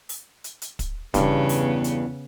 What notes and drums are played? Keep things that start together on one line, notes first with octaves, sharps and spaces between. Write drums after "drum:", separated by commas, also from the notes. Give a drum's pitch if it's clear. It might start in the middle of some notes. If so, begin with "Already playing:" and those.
drum: open hi-hat
drum: hi-hat
drum: hi-hat
drum: kick, hi-hat
E2 G2 C#3 B3, drum: kick, hi-hat
drum: open hi-hat
drum: hi-hat